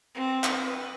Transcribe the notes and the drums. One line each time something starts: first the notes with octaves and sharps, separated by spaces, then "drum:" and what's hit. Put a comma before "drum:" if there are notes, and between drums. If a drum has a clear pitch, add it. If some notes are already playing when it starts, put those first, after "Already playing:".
C4
drum: clap
B4